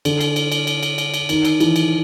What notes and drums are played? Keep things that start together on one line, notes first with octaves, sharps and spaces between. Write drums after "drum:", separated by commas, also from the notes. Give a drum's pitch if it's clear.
D3, drum: cymbal
drum: cymbal
drum: cymbal
drum: cymbal
drum: cymbal
drum: cymbal
drum: cymbal
drum: cymbal
D#3, drum: cymbal
drum: cymbal
E3, drum: cymbal
drum: cymbal